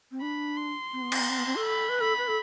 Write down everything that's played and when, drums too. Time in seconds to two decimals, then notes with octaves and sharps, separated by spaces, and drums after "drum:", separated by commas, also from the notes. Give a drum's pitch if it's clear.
0.11 C4
0.21 D4 B5
0.57 C6
0.93 C4
1.02 B3
1.12 C4, drum: cymbal
1.20 B3
1.29 C4
1.38 B3
1.46 C4
1.56 A4
1.65 B5
1.89 B4
2.01 A4 B5
2.18 B4
2.28 A4